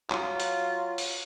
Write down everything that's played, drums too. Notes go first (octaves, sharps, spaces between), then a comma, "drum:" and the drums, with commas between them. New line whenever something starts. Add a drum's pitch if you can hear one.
F#3 F4, drum: clap
drum: hi-hat
drum: open hi-hat